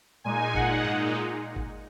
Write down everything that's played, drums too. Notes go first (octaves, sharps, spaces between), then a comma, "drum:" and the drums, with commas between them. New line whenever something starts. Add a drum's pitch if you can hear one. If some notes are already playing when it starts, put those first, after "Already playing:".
A#2 G#3 D#4 G#5
F#5, drum: kick
drum: tom G#2
drum: kick